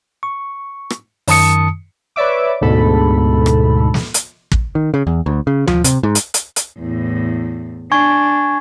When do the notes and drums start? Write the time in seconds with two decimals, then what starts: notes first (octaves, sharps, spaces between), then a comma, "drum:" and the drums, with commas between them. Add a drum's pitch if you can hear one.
0.23 C#6
0.90 drum: rim click
1.28 F#2 D#3 A5 D#6 C#7, drum: open hi-hat
2.16 B4 C#5 D5 E5 D6
2.61 D2 G#2 B2 A4 B5
3.46 drum: rim click
3.94 drum: snare
4.14 drum: hi-hat
4.52 drum: kick
4.75 D#3
4.94 C#3
5.07 E2
5.26 D2
5.47 C#3
5.67 F3, drum: tom D2
5.84 C3, drum: hi-hat
6.03 G#2
6.15 drum: hi-hat
6.34 drum: hi-hat
6.56 drum: hi-hat
6.79 E2 A2
7.92 D4 G#5 C#6 G#6